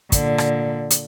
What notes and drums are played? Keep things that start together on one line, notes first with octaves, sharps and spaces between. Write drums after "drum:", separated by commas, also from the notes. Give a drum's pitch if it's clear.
A#2 D3, drum: kick, hi-hat
drum: rim click
drum: hi-hat